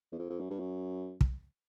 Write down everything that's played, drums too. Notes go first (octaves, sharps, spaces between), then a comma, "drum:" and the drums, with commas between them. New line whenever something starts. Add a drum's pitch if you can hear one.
E2
F2
F2
F#2
G2
F#2
drum: kick